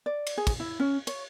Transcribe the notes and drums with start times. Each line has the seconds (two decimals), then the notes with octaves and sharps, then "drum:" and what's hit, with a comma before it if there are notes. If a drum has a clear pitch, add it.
0.06 D5
0.27 drum: cymbal
0.38 G#4
0.47 drum: kick, cymbal
0.60 E4
0.80 C#4
1.07 C#5, drum: cymbal